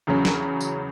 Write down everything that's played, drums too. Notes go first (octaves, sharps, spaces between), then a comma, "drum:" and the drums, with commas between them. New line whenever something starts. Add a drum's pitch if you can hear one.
E2 C#3 F#3 C#4
drum: snare
drum: tambourine